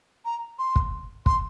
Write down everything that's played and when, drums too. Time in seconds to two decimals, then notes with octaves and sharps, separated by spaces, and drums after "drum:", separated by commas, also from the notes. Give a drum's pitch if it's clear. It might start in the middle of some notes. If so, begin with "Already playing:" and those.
0.25 A#5
0.59 C6
0.76 drum: kick
1.26 C6, drum: kick